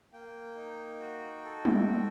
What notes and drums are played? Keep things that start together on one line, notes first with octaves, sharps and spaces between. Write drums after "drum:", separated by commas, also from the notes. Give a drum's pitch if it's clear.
A#3 G5
D#4
F#4
A4
drum: tom G3
C4